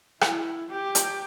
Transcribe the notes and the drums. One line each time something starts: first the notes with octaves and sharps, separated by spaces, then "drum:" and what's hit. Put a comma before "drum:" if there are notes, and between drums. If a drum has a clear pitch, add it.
E4, drum: rim click
G4
drum: hi-hat